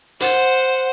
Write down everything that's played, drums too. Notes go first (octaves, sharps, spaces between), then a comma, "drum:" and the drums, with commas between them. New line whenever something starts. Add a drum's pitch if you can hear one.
C5 F#5, drum: hi-hat